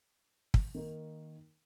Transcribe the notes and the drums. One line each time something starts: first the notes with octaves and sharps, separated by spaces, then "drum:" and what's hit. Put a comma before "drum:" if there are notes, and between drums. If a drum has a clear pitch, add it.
drum: kick
D#3 A#3 D#4 A#4